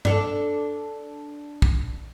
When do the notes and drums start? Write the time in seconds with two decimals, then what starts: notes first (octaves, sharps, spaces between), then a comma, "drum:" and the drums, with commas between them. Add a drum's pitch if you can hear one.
0.05 D4 A4, drum: tom G2
1.62 drum: kick